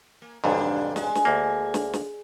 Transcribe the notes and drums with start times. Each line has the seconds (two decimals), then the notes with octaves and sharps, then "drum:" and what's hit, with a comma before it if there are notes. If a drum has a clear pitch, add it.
0.22 A#3
0.44 B1 F2 G#2 D3 G3 D4
0.96 G#3, drum: snare
1.15 drum: snare
1.25 D2 A#3
1.74 drum: snare
1.93 drum: snare